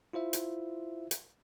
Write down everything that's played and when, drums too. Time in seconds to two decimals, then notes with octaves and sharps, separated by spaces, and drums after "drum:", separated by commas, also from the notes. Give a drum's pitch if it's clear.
0.13 E4 F4 C5 E5
0.33 drum: hi-hat
1.11 drum: hi-hat